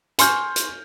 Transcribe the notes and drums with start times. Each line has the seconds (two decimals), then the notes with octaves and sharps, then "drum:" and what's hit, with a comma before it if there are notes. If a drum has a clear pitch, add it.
0.19 G#5 C6 C#6 F6 G6, drum: hi-hat
0.56 drum: hi-hat